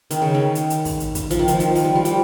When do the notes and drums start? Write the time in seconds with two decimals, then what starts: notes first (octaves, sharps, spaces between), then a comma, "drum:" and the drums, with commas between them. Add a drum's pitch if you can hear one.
0.11 D#3, drum: hi-hat
0.22 C#3
0.35 D#3
0.55 drum: hi-hat
0.70 drum: hi-hat
0.85 drum: kick, open hi-hat
1.00 drum: hi-hat
1.15 drum: kick, hi-hat
1.31 F3, drum: hi-hat
1.39 D#3
1.48 F3, drum: hi-hat
1.60 D#3, drum: hi-hat
1.75 F3, drum: open hi-hat
1.85 G3
1.95 F3
2.05 G3, drum: hi-hat